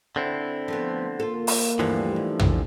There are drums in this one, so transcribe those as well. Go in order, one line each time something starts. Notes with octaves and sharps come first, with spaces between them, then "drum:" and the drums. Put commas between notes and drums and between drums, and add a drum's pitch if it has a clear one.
D3 C4 E4
F3 A3 B3
A#3 F4 A4
drum: open hi-hat
D2 G2 D3 E3 F3
D#2
drum: tom